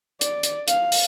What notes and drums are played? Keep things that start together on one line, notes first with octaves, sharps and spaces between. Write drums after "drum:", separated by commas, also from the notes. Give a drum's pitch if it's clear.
D5, drum: hi-hat
drum: hi-hat
F5, drum: hi-hat
drum: open hi-hat